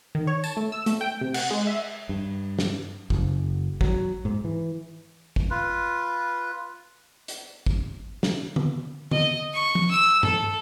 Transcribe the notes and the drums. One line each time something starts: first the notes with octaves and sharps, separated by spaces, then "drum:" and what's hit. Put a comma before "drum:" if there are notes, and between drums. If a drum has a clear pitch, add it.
D#3
C#5
A5, drum: tambourine
A3
E6
A3, drum: hi-hat
G5
C3
F#5, drum: cymbal
G#3
E5
G2
drum: snare
F#1, drum: kick
F#3, drum: kick
G#2
E3
drum: kick
F4 B4
drum: hi-hat
drum: kick
drum: snare
drum: tom D3
D#5, drum: tom D3
C#6
drum: tom F3
E6
A4, drum: tom G2